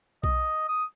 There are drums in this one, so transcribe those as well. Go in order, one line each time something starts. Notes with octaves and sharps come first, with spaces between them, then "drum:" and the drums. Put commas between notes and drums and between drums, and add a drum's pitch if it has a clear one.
D#5, drum: kick B1
D#6